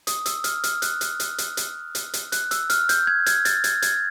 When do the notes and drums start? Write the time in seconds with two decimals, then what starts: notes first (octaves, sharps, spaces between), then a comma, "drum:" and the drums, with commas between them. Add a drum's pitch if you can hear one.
0.07 D#6, drum: hi-hat
0.26 E6, drum: hi-hat
0.44 F6, drum: hi-hat
0.64 F6, drum: hi-hat
0.82 F#6, drum: hi-hat
1.01 drum: hi-hat
1.20 drum: hi-hat
1.38 drum: hi-hat
1.57 drum: hi-hat
1.95 drum: hi-hat
2.14 drum: hi-hat
2.32 F#6, drum: hi-hat
2.51 E6, drum: hi-hat
2.70 F6, drum: hi-hat
2.89 G6, drum: hi-hat
3.07 G#6
3.26 G#6, drum: hi-hat
3.45 A6, drum: hi-hat
3.64 G#6, drum: hi-hat
3.82 G#6, drum: hi-hat